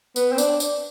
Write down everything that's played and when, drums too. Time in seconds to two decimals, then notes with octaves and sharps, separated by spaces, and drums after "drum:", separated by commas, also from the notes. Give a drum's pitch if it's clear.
0.16 B3, drum: tambourine
0.32 C4
0.38 D4, drum: tambourine
0.60 drum: tambourine